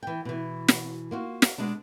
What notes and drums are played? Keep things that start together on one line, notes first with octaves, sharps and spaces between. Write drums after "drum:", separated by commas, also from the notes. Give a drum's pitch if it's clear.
E3 G5
B2 E3
drum: snare
A#3 F4 F#4
F5, drum: snare
B2 G#3 B3 D4